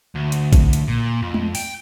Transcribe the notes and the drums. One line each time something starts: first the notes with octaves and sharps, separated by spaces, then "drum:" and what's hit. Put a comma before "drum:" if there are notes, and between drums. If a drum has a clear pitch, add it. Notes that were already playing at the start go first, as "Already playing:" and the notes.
D2
drum: hi-hat
drum: kick, hi-hat
drum: hi-hat
A#2
F2
drum: tom G#3
G5, drum: open hi-hat